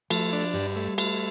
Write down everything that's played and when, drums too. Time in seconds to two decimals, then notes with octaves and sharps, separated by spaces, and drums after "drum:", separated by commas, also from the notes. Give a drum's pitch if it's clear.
0.10 F3 A3, drum: cymbal
0.33 D4
0.54 G2 G3
0.76 A3
0.98 A3, drum: cymbal